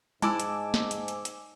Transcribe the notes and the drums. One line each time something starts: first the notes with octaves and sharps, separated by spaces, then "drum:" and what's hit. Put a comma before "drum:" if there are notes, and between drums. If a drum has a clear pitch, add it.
G#2 G#3 E4 G#5 A5 D6 E6, drum: hi-hat
drum: hi-hat
drum: snare
drum: hi-hat
drum: hi-hat
drum: hi-hat